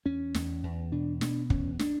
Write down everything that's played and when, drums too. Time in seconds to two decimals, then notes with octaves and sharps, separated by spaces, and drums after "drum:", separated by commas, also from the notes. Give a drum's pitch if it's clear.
0.05 E2 C#4
0.34 E2, drum: snare
0.63 E2
0.92 B2 D4
1.21 B2 D4, drum: snare
1.50 E2 C#4, drum: kick
1.79 D4, drum: snare